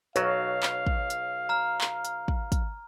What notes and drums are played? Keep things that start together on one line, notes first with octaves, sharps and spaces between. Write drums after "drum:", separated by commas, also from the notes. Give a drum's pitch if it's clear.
B1 F#3 C#5 F5, drum: hi-hat
drum: clap
drum: kick
drum: hi-hat
A#5 F6
drum: clap
drum: hi-hat
drum: kick
drum: kick, hi-hat